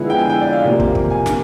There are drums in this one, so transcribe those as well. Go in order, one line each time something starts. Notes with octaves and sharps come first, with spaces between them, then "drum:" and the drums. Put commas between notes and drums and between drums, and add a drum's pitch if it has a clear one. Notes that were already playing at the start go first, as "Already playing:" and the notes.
Already playing: D3 F3 G#3 B3 E4
G5
G#5
G5
D5
F5
C3 F3 A#3
drum: kick
drum: kick
G#5
drum: snare